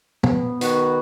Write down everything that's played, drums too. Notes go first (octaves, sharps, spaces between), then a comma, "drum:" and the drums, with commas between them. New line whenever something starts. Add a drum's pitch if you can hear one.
B3, drum: tom
D#3 F#4 B4, drum: hi-hat